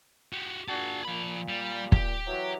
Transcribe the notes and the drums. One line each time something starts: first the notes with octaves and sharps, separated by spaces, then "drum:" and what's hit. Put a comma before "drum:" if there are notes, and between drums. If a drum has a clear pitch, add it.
F#4 G4
A#2 D4 F#4 G#4 A5
A#2 F3 B5
G3
G4, drum: kick
E3 F#3